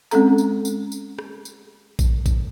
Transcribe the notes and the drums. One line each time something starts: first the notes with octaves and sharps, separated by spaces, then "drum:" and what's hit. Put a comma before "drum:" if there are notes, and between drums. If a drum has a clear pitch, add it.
G#3 C4 C#4 A4 A#5, drum: tambourine
drum: tambourine
drum: tambourine
drum: tambourine
drum: rim click
drum: tambourine
drum: kick A#1, tambourine
drum: kick A#1, tambourine